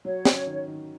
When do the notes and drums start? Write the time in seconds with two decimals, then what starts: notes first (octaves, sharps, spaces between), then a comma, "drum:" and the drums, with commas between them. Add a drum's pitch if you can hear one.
0.05 F#3 C#5
0.25 C#4, drum: snare
0.47 D#3
0.68 D#3